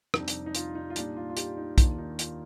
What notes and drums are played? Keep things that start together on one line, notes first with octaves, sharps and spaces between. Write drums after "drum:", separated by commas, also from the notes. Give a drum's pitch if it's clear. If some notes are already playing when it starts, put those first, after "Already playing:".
F2 C3 G3 D4 D#4, drum: rim click
drum: hi-hat
D#4
F4, drum: hi-hat
D#4
F4
A#2 G3 D4 D#4, drum: hi-hat
F4
F4
D#4 G4, drum: hi-hat
D#4
D#2 D#3 A#3 D4 F4, drum: kick, hi-hat
D#4
F4, drum: hi-hat